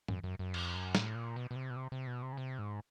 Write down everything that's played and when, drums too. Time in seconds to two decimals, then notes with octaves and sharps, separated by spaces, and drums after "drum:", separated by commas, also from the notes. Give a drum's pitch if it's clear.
0.08 F#2, drum: tom
0.24 F#2
0.39 F#2
0.54 F2, drum: cymbal
0.75 F#2
0.95 A2, drum: snare
1.15 A#2
1.36 B2
1.51 B2
1.56 C3
1.70 B2
1.76 C3
1.92 C3
2.07 B2
2.22 C3
2.33 C#3
2.37 C3
2.59 G#2